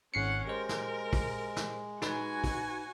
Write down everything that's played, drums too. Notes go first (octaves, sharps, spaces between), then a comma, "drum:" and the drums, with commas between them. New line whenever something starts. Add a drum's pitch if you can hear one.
G#1 C#4 F#5 C7 C#7
G#3 G4 A#4 C5
drum: snare
drum: kick, open hi-hat
drum: snare
D#4 F#4 B4 G#5, drum: snare
drum: kick, open hi-hat